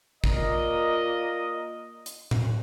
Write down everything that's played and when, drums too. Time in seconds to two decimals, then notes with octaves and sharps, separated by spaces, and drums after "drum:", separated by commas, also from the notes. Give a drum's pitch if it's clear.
0.24 A#3 F4 A#4 D5 D#5, drum: kick
2.06 drum: hi-hat
2.31 drum: tom A2